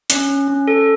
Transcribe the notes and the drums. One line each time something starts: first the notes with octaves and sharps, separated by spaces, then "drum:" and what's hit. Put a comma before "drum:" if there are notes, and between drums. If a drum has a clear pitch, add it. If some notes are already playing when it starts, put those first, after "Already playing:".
C#4, drum: hi-hat
C#4
C#4
A4